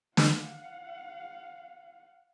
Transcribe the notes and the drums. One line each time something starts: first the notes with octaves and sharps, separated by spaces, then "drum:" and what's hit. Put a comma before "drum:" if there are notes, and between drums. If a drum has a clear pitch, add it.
F5 F#5, drum: snare